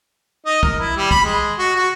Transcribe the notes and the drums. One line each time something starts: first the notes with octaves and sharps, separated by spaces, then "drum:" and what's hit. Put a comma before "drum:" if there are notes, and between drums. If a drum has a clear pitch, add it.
D#4
A#4, drum: kick
E4
G3
B5, drum: kick
G#3
F#4
F#4